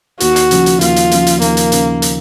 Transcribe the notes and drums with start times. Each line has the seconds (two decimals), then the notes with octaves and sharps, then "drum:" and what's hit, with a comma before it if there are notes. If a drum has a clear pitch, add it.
0.20 D#2 F#4, drum: hi-hat
0.36 drum: hi-hat
0.51 C#3 F3, drum: hi-hat
0.66 drum: hi-hat
0.81 D#2 F4, drum: hi-hat
0.96 drum: hi-hat
1.11 C#3 F3, drum: hi-hat
1.27 drum: hi-hat
1.42 D#2 A#3, drum: hi-hat
1.57 drum: hi-hat
1.72 C#3, drum: hi-hat
2.02 drum: hi-hat